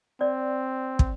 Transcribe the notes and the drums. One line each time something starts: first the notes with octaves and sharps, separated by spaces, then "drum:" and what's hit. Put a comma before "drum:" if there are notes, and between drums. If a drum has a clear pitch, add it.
C4 D5
drum: kick